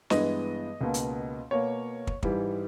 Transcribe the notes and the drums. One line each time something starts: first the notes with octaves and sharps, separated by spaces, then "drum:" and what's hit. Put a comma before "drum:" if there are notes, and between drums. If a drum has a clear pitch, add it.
G2 E3 G#3 B3 D#5, drum: snare
C#2 B2 A#3
drum: hi-hat
B2 A#3 C#5
drum: kick
G#2 E3 G3, drum: kick